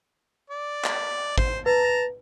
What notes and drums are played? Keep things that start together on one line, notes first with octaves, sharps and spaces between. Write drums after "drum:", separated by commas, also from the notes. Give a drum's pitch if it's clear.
D5
drum: clap
C5, drum: kick
B4 A5 A#5